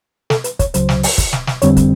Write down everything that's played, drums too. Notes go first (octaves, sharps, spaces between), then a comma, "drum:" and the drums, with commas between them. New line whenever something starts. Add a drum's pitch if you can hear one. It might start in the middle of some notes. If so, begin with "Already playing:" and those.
A4, drum: snare
B4, drum: hi-hat
C#5, drum: kick, hi-hat
C#2 C#3 F#3 C5, drum: hi-hat
drum: snare
drum: open hi-hat
drum: kick, hi-hat
drum: snare
drum: snare
F2 D3 G3 C4 C#5, drum: hi-hat
drum: kick, hi-hat